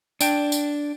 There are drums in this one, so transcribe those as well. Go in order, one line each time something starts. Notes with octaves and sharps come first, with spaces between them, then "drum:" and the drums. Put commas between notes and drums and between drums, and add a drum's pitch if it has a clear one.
D4 G5, drum: tambourine
drum: tambourine